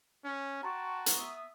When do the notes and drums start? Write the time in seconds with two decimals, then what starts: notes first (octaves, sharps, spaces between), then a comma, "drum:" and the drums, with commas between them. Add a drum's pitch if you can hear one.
0.25 C#4
0.63 F#4 G5 A5 A#5 C6 C#6
1.06 drum: hi-hat
1.18 B3 E5 D#6